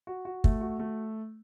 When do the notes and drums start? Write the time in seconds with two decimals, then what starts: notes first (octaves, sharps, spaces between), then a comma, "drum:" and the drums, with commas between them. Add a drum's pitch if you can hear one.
0.07 F#4
0.25 F#4
0.44 A3, drum: kick
0.61 F#4
0.79 A3